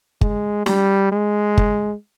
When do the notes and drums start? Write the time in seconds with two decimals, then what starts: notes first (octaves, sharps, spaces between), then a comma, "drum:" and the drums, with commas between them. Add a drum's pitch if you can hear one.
0.21 G#3, drum: kick G1
0.66 G3, drum: snare
1.12 G#3
1.58 drum: kick G1